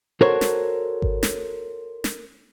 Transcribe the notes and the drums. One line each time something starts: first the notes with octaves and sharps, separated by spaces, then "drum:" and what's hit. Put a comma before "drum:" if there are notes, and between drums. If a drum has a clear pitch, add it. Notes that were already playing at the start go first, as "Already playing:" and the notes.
F#4 A4 A#4 C5 C#5
drum: snare
drum: kick G#1
drum: snare
drum: snare